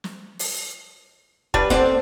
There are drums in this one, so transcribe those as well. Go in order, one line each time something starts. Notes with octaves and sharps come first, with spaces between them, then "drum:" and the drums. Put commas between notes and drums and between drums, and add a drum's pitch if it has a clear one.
drum: snare
drum: open hi-hat
G3 D4 B4, drum: kick
C4 A4 D5 F#5, drum: kick